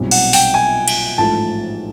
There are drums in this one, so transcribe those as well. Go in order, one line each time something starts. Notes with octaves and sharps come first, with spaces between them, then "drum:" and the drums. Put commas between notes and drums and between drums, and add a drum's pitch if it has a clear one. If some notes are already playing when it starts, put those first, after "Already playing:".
Already playing: B1 A#2 G3 C4
F#5, drum: cymbal
G5, drum: open hi-hat
G#5
drum: cymbal
A1 G#2 F3 A3 A5